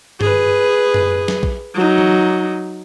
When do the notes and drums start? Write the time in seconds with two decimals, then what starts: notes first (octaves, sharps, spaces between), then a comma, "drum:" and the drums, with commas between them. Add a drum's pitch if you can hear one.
0.21 G#4 B4, drum: tom G2
0.94 drum: tom F#2
1.28 drum: snare
1.43 drum: kick A#1
1.75 F#3 D#4
1.98 drum: tom E3